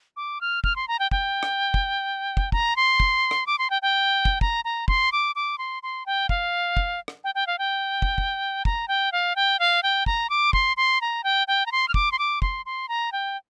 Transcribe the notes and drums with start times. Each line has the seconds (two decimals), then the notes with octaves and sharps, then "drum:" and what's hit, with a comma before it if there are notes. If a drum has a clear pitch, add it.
0.17 D6
0.41 F6
0.64 F6, drum: kick
0.76 C6
0.88 A#5
0.99 G5
1.11 G5, drum: kick
1.43 drum: rim click
1.74 drum: kick
2.37 drum: kick
2.52 A#5, drum: kick
2.76 C6
3.00 drum: kick
3.31 drum: rim click
3.47 D6
3.59 C6
3.70 G5
3.82 G5
4.25 drum: kick
4.41 A#5, drum: kick
4.65 A#5
4.88 C6, drum: kick
5.12 D6
5.36 D6
5.58 C6
5.83 C6
6.06 G5
6.29 F5, drum: kick
6.77 drum: kick
7.08 drum: rim click
7.24 G5
7.35 G5
7.47 F5
7.59 G5
8.02 drum: kick
8.18 drum: kick
8.65 A#5, drum: kick
8.88 G5
9.12 F5
9.36 G5
9.59 F5
9.83 G5
10.06 A#5, drum: kick
10.30 D6
10.53 C6, drum: kick
10.77 C6
11.01 A#5
11.24 G5
11.48 G5
11.66 A#5
11.72 C6
11.88 F6
11.94 D6, drum: kick
12.12 C6
12.19 D6
12.42 C6, drum: kick
12.66 C6
12.89 A#5
13.12 G5